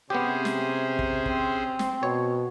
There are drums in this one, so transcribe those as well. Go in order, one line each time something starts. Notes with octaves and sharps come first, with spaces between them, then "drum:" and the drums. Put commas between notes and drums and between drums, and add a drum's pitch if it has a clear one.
C3 B3 C#4 G4 G#4 C5
drum: snare
drum: kick
C4, drum: kick
drum: snare
B2 C#5